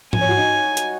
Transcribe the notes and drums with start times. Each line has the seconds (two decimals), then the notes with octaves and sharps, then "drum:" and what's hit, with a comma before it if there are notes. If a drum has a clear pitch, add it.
0.13 G#5, drum: tom
0.21 C#5
0.29 F#4
0.37 D#4
0.77 drum: hi-hat